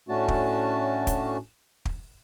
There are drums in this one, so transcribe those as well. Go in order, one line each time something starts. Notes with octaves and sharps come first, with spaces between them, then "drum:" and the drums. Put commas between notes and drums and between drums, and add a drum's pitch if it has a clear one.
A2 A3 C#4 D4 F#4 A5
drum: kick
drum: kick, hi-hat
drum: kick